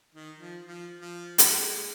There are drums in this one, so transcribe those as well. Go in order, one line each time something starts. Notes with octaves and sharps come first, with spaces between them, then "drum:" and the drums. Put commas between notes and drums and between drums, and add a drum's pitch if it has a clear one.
D#3
F3
F3
F3
G#3, drum: hi-hat
G#3